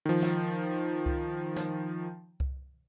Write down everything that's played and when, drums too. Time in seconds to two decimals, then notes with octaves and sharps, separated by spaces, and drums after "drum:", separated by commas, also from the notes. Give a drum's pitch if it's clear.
0.05 D#3 F3
0.22 drum: snare
1.06 drum: kick C2
1.56 drum: snare
2.40 drum: kick C2